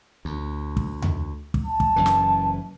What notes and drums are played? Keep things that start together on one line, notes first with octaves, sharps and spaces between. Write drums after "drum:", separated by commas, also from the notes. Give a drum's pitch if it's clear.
D2
drum: kick
drum: tom E2
drum: kick
A5
drum: kick
F#1 F#2 E3
drum: snare